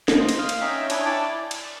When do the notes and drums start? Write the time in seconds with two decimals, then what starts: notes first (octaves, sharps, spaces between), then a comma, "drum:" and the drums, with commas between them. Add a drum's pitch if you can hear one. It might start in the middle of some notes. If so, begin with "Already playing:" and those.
0.08 drum: snare
0.19 C5 D#5
0.29 drum: cymbal
0.39 F5 D#6 F6
0.49 drum: cymbal
0.61 C#4 D#4 E5 G5
0.90 D4 E4 C#5 G#5, drum: cymbal
1.06 E4 D5 G5 A5 D6
1.38 D5
1.51 drum: cymbal